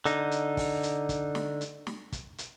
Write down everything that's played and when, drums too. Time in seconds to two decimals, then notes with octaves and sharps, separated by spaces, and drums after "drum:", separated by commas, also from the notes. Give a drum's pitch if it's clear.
0.06 D3 D#4, drum: hi-hat
0.31 drum: hi-hat
0.57 drum: kick, open hi-hat
0.83 drum: hi-hat
1.09 drum: kick, hi-hat
1.35 drum: snare
1.61 drum: hi-hat
1.87 drum: snare
2.13 drum: kick, hi-hat
2.38 drum: hi-hat